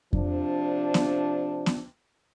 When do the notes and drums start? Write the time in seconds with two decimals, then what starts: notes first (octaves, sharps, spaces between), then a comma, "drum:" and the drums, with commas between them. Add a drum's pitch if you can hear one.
0.13 C3 F3 D4, drum: kick F2
0.94 drum: snare B3
1.66 drum: snare B3